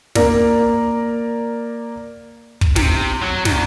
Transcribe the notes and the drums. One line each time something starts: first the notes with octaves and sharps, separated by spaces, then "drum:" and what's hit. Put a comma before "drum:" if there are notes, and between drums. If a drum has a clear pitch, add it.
A#3 A#4 D5, drum: snare
drum: kick
C3, drum: snare
F#3
C2, drum: snare